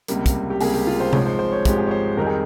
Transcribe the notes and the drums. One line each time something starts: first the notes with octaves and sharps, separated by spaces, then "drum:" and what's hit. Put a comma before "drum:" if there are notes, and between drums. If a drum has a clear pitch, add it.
C#2 C3 G3 A#3, drum: hi-hat
drum: kick, hi-hat
G4
C#2 C3 G3 A#3 G#4, drum: open hi-hat
G4
F4
C5
G#1 G#2 F3 G#3 C#5, drum: tom C3
C5
C5
C#5
G#1 G#2 F3 G#3 G4, drum: kick, hi-hat
G#4
C#5
C5
F2 D#3 G3 A#4
G#4